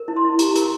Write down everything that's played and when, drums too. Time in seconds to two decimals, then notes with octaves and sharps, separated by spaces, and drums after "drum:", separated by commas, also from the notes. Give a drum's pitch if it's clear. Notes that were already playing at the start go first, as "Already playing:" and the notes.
Already playing: A#4
0.08 E4
0.16 C6
0.25 E4
0.39 G4 A#5, drum: hi-hat
0.56 A#4, drum: hi-hat
0.62 A#5